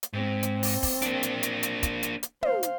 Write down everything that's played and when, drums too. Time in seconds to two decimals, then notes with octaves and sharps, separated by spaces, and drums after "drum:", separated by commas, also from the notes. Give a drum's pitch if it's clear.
0.03 drum: hi-hat
0.13 G#2 C4
0.43 drum: hi-hat
0.63 drum: open hi-hat
0.83 drum: kick, open hi-hat
1.02 A#3 D4, drum: hi-hat
1.23 drum: hi-hat
1.43 drum: hi-hat
1.63 drum: hi-hat
1.83 drum: kick, hi-hat
2.03 drum: hi-hat
2.23 drum: hi-hat
2.43 C5 F5, drum: tom
2.63 drum: hi-hat